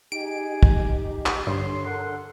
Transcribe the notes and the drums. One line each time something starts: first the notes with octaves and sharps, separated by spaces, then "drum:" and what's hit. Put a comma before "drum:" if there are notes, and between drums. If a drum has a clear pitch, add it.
D#4 G4 G#4 D7
drum: kick
drum: clap
G2 D3 C#5 C6
A4 A#4 F#5